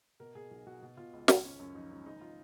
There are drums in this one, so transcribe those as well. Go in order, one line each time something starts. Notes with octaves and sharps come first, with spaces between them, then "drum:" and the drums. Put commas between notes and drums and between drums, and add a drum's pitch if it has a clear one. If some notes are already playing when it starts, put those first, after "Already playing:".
B2 A#4
B2 G#4
B1
B1 F#4
B2
B2 F4
C#2
C#2, drum: snare
G#1 C#4
F#2 C#4
F3 D#4
G#1 C#4
F#1 D#4
F4